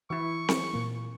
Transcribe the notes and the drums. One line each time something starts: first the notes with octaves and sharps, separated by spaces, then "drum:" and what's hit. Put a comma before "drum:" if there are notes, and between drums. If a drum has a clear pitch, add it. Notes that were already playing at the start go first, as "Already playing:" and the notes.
E3 E4 C#6
drum: snare C4
A#2 A#3